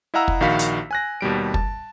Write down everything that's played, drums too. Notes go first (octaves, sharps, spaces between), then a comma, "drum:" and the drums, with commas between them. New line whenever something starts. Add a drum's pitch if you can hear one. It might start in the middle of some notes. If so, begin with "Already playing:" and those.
E4 D#5 F5 F#5 A#5 E6
drum: kick
A#1 D#3 F#4 F5 B5 B6
drum: hi-hat
G#5 F#6 A#6
D#2 B2 G3 D7
A5, drum: kick